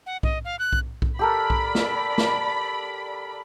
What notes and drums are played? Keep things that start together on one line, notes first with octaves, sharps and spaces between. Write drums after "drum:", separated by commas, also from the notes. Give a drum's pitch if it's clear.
F#5
D#5, drum: kick B1
F5
F#6
drum: kick B1
drum: kick B1
G4 A4 A#4 D5 B5
drum: kick B1
drum: snare
drum: snare